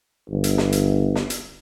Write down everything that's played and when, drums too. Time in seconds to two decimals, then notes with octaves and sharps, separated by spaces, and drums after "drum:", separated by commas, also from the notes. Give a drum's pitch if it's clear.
0.29 G1
0.44 drum: hi-hat
0.58 drum: snare
0.72 drum: hi-hat
1.16 drum: snare
1.30 drum: hi-hat